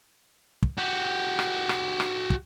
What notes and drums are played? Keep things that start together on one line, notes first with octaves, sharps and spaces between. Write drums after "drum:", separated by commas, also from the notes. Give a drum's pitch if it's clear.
drum: kick
F#4 G4
drum: rim click
drum: rim click
drum: rim click
drum: kick